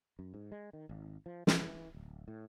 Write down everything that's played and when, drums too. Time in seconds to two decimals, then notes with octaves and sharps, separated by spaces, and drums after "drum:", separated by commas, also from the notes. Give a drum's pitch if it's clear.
0.19 F#2
0.34 G#2
0.52 G#3
0.73 D#3
0.89 G#1
1.26 F3
1.47 E3, drum: snare
1.94 D1
2.28 A2